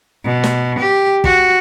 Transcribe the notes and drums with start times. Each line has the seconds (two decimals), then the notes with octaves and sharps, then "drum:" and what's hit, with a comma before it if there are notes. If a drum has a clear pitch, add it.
0.24 B2
0.44 drum: snare
0.79 G4
1.24 F#4, drum: kick